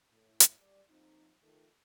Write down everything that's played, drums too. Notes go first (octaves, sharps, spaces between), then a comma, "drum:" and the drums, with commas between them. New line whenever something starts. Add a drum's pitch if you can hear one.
A2
drum: hi-hat
G3 D5
F2 F3 A#3 C4 D#4
D#3 F3 A3